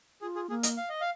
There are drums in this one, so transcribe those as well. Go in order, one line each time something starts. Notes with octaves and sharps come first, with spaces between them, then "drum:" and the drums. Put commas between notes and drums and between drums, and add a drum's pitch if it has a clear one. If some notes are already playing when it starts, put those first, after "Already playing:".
F4 G#4
G#4
A#3 G#4
D#5, drum: hi-hat
F5
D#5
F5